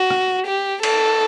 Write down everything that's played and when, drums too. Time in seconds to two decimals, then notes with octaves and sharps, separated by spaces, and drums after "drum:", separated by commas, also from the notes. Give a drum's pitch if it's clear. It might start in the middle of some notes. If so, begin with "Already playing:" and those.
Already playing: F#4
0.10 drum: rim click
0.47 G4
0.83 A4, drum: cymbal